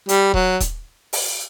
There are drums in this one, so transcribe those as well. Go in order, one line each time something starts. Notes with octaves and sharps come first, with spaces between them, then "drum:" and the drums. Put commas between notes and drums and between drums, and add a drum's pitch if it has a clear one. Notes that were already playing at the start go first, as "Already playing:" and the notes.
G3, drum: hi-hat
F#3, drum: kick D#1
drum: kick D#1, hi-hat
drum: open hi-hat